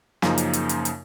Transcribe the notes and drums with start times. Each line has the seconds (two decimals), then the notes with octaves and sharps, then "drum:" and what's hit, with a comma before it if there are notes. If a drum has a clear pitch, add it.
0.22 F#2 C#3 F3 A#3 D#4, drum: snare
0.38 drum: hi-hat
0.53 drum: hi-hat
0.69 drum: hi-hat
0.85 drum: hi-hat